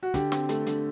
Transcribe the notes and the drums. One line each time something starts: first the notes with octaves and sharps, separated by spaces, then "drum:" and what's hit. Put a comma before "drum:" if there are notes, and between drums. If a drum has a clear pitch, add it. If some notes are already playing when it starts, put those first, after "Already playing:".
F#4
D3 G4, drum: kick, hi-hat
C4, drum: snare
A3, drum: hi-hat
D3, drum: hi-hat